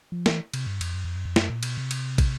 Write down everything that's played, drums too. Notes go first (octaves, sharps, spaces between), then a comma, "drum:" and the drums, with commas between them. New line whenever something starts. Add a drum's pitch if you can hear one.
F3
E3, drum: snare
C3, drum: cymbal
G2
F2, drum: cymbal
F#2
F2
F#2
F2
F#2, drum: snare
A#2
B2, drum: cymbal
C3
drum: cymbal
drum: kick, cymbal